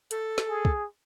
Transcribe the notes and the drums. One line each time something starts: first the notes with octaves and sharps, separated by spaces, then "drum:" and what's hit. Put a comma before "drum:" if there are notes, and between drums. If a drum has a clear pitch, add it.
A4, drum: hi-hat
drum: snare
G#4
drum: kick